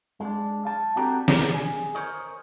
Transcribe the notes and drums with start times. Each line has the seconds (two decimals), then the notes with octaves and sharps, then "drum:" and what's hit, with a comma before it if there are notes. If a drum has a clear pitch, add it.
0.20 G#3 D4
0.65 F5 A5
0.96 C4 D4 F#4 G4 A4 A#5
1.28 B2 D4 A#4 D5, drum: snare
1.54 G#4
1.95 A#4 C5 C#5 D#5